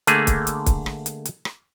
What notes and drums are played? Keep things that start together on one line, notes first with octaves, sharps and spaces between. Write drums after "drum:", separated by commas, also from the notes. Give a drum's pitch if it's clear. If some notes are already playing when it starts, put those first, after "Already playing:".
D3 A3 A#3 G#4, drum: hi-hat
drum: kick, hi-hat
drum: hi-hat
drum: kick, hi-hat
drum: rim click
drum: hi-hat
drum: hi-hat
drum: rim click